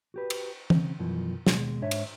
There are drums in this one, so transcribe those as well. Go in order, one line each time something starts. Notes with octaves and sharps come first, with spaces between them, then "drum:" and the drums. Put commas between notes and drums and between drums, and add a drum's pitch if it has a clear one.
F#4 G4 B4
drum: cymbal
C#3 C4, drum: tom E3
F#2 B2 E3 F3
D#2 B2 G#3, drum: snare
G#2 D4 C#5 E5
drum: cymbal